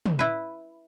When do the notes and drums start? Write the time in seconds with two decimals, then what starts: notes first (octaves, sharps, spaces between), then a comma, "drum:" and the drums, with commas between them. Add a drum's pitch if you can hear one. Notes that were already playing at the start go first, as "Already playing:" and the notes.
0.06 drum: tom
0.19 E4 B4